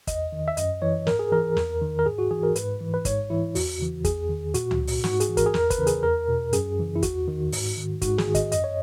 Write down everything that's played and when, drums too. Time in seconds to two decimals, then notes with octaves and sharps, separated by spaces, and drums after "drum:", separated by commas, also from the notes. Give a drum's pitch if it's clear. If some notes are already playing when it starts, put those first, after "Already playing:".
0.07 E2 D#5, drum: kick, hi-hat
0.32 D#3
0.48 E5
0.57 F#2 D#5, drum: hi-hat
0.82 E3 C#5
1.07 G#2 A#4, drum: snare
1.19 G#4
1.32 E3 A#4
1.57 E2, drum: snare
1.82 D#3
1.99 A#4
2.06 G#2 G#4
2.18 F#4
2.31 E3 G#4
2.43 A#4
2.56 G#2 B4, drum: hi-hat
2.80 E3
2.94 B4
3.05 G#2 C#5, drum: kick, hi-hat
3.30 E3 E4
3.55 E2 F#4, drum: open hi-hat
3.80 C#3 E3
4.05 E2 G#4, drum: kick, hi-hat
4.29 D#3
4.54 A#2 F#4, drum: hi-hat
4.71 drum: tom C#2
4.87 drum: open hi-hat
5.04 G#2 F#4, drum: snare
5.20 G#4, drum: hi-hat
5.29 E3
5.37 A#4, drum: kick, hi-hat
5.46 G#4
5.54 E2 A#4, drum: snare
5.70 B4, drum: kick, hi-hat
5.78 C#3 E3
5.87 G#4, drum: hi-hat
6.03 E2 A#4
6.28 B2
6.53 F#2 G#4, drum: hi-hat
6.78 C#3 E3
6.96 E4
7.02 E2 F#4, drum: kick, hi-hat
7.28 D#3
7.52 G#2, drum: open hi-hat
7.77 D#3
8.02 G#2 F#4, drum: kick, hi-hat
8.18 G#4, drum: snare
8.27 D#3
8.35 D#5, drum: kick, hi-hat
8.52 F#2 D#5, drum: hi-hat
8.64 C#5